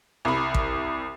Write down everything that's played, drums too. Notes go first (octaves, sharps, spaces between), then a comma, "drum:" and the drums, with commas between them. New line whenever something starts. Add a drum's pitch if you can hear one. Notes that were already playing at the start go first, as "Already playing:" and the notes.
C2 B5
drum: kick